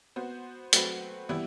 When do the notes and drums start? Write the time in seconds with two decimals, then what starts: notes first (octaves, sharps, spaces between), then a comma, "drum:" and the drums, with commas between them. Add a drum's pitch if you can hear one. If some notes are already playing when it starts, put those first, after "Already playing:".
0.16 B3 F#4 C5
0.73 F#3 A3 C4 F#4 B4, drum: hi-hat
1.29 E3 G3 B3 E4